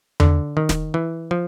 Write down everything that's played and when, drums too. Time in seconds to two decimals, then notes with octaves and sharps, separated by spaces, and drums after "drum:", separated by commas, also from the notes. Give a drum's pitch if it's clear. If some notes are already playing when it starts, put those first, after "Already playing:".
0.20 D3, drum: tom E2
0.57 D#3
0.69 drum: snare
0.94 E3
1.31 F3